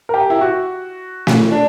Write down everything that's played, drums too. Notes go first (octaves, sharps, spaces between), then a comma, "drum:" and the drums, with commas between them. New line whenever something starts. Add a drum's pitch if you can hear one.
A#4
G4
E4
F#4
drum: snare
D4